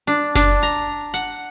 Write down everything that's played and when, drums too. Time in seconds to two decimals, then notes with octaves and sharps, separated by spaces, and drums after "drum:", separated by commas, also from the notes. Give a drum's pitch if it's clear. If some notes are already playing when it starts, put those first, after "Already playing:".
0.07 D4
0.35 D4, drum: snare F#1
0.63 A#5
1.14 F#5, drum: hi-hat